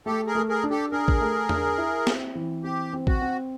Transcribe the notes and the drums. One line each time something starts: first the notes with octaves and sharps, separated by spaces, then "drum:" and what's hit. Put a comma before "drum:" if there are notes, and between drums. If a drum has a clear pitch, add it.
A3 G4 A4
G#4 A#4
A3
G#4 A#4
D4
G4 A4
D4 G#4 A#4
drum: kick A1
A3
D4, drum: tom E2
E4
C4, drum: snare
E3
C4 G4
C4
F#4, drum: kick A1
C4